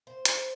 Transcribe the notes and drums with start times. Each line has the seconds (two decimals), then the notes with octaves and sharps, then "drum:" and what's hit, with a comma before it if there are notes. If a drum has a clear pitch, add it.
0.07 C5
0.25 drum: hi-hat